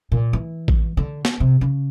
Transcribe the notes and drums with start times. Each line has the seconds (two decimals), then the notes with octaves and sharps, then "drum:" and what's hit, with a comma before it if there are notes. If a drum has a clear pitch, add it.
0.12 A#2
0.33 E3
0.68 drum: kick A1
0.97 D3
1.25 drum: snare B3
1.40 C3
1.61 C#3